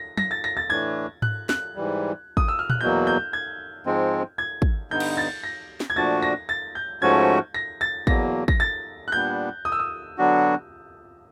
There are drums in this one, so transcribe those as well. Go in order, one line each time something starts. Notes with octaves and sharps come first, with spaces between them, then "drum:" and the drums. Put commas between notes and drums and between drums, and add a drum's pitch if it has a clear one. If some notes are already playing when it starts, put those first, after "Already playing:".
Already playing: A#6
A#6, drum: tom
A6
A#6
A6
A2 E3 A3 D4 G#6
F#6, drum: tom G#2
F#6, drum: snare
G#2 E3 G3
D#6, drum: kick
E6
F6
F#6, drum: tom A#2
E2 B2 F#3 A#3 G6
G6
G#6
G#2 F3 G#3 C4
G#6
drum: kick
G2 D3 G3 B3 D#4 G6
drum: cymbal
A6
A#6
drum: snare
G#6
A#2 F3 A3 D4 F#4 A6
A#6
A6
G6
G#2 F3 A3 C#4 F#4 G#6
A#6
A6
E2 B2 F#3 A#3 A#6, drum: kick
A#6, drum: kick
A6
F#6
A#2 G3 B3 D4 G6
D#6
E6
D#6
D3 F#3 B3 D4 F#4